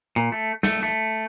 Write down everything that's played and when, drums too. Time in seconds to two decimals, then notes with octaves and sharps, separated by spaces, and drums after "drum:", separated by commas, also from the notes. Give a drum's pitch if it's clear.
0.16 A#2
0.32 A3
0.63 A3, drum: snare
0.83 A3